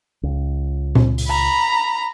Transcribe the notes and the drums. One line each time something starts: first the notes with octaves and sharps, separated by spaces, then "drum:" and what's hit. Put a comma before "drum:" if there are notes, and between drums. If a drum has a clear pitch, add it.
C#2
drum: tom A#2
drum: open hi-hat
A#5 B5